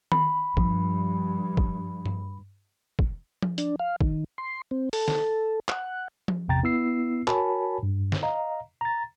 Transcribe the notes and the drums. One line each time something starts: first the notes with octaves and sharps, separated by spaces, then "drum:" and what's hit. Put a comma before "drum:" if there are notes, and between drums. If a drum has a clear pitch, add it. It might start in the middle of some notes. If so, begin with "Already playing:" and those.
B5, drum: tom D#3
G2 F3, drum: kick
drum: kick
drum: tom G2
drum: kick
drum: tom F3
D4, drum: hi-hat
F5
D#3, drum: kick
C6
C4
A4, drum: open hi-hat
drum: snare
F#5, drum: clap
drum: tom F3
G#1 E2 C3 G5 A#5 A6
B3 E4 E6 C7
F#4 A#4 C#5 G#5 A5 B5, drum: clap
G2
drum: snare
D#5 F5 A#5
A#5 A6